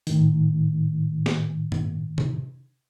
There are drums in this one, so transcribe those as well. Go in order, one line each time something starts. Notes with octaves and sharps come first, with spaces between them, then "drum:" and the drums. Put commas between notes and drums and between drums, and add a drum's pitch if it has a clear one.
A2 D#3, drum: hi-hat
drum: snare
drum: tom G2
drum: tom C3